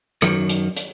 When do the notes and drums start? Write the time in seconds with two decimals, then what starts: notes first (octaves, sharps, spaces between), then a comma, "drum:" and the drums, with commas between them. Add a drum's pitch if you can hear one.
0.22 F#2 D#3 F#3, drum: rim click
0.49 drum: hi-hat
0.77 drum: hi-hat